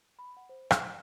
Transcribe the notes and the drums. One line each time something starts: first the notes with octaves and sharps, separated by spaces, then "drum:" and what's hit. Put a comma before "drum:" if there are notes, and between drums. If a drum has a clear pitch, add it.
B5
F#5
C5
E7, drum: rim click
F5